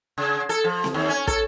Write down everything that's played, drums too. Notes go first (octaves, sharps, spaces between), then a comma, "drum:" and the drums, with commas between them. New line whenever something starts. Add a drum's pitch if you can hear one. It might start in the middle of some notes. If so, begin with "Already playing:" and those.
C#3
A4
F3
drum: snare C4
D#2
C#4
A4, drum: kick